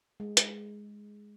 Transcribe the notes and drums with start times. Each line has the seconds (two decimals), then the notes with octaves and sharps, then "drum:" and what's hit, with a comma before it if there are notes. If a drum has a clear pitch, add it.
0.20 G#3
0.37 drum: hi-hat